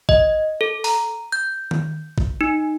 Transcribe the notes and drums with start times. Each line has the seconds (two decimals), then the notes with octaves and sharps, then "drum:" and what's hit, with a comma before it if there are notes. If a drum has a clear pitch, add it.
0.09 D#5, drum: kick A1
0.61 A4
0.84 A#5, drum: open hi-hat
1.32 G6
1.71 drum: tom D#3
2.18 drum: kick A1
2.41 D#4